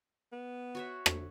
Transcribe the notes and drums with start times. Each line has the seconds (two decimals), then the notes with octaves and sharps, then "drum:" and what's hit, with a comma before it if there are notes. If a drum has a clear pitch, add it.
0.33 B3
0.75 F#4 C#5 E5
1.06 drum: rim click